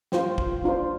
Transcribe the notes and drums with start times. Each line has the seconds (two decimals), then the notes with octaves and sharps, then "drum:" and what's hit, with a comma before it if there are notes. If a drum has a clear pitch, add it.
0.12 F4 C5 G5, drum: snare
0.38 drum: kick
0.64 D4 F4 C5